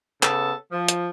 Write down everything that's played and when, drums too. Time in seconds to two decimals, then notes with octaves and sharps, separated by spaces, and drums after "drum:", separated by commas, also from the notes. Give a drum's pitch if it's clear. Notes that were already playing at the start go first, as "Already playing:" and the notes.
0.23 C#3 B3 A4, drum: clap
0.70 F3
0.88 drum: hi-hat